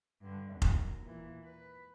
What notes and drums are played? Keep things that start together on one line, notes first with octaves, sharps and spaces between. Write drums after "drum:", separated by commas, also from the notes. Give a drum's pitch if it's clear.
G2 D3
D#2 F#3
drum: kick F1
A#2 E3
B4